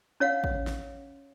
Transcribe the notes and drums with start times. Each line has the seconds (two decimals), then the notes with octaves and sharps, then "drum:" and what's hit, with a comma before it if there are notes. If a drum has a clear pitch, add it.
0.20 C#4 C#5 F5 F#5
0.44 drum: kick
0.67 drum: snare